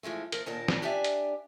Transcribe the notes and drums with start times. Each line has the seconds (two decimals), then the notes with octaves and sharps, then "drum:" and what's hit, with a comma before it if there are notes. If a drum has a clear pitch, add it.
0.03 E3 F3 G#3 A3
0.32 F3 A#4, drum: hi-hat
0.46 D#2 A#2 F3 D4 A#4 A5
0.68 drum: snare
0.82 D4 G4 D5 E5 G#5
1.04 drum: hi-hat